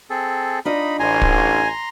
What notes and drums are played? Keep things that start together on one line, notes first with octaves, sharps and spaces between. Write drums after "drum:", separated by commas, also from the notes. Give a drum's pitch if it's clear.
C4 G#4 A4
D4 D#4 F4 D#5 B5
A1 G#5 A#5 C6
drum: kick